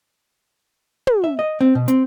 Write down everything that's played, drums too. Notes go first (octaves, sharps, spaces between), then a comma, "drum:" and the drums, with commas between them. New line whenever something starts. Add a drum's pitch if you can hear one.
drum: tom
E5
D#5
C4
B2
C4, drum: hi-hat